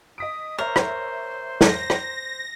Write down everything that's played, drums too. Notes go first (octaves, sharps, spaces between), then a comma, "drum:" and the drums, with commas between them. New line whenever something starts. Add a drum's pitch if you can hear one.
D#5 D#6 B6 D7
A#4 C5 C#5 E5
drum: rim click
A#6, drum: snare
drum: rim click